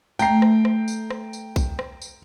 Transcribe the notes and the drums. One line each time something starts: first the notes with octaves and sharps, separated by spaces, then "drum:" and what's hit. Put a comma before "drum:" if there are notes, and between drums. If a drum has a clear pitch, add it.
A3 G5 A#5 C7, drum: tambourine
drum: rim click
drum: rim click
drum: tambourine
drum: rim click
drum: tambourine
drum: kick B1, tambourine
drum: rim click
drum: tambourine